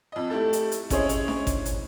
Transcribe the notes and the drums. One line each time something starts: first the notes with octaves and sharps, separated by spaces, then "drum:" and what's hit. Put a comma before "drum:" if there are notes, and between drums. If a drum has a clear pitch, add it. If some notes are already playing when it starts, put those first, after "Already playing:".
F2 D#5
A3 E4 G4 A4
drum: hi-hat
drum: hi-hat
C#4 E4 G#4 C5 C#5 D#5, drum: kick G#1, hi-hat
drum: hi-hat
drum: snare D4
drum: kick G#1, hi-hat
drum: hi-hat